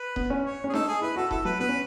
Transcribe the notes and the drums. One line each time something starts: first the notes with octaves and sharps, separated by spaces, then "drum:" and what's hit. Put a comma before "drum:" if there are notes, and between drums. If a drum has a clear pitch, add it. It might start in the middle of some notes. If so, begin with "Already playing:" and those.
Already playing: B4
B3, drum: kick D#1
C#4
C#5
C#4
G#4
D#4 A4, drum: snare D4
G#4
E4 B4
F#4 A4
E4 A4, drum: kick D#1
F#3 B4
B3 B4
C#4